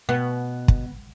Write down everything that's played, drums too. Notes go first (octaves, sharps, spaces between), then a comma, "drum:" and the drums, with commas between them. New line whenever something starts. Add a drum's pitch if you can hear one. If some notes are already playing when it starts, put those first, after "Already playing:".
B2 B3
drum: kick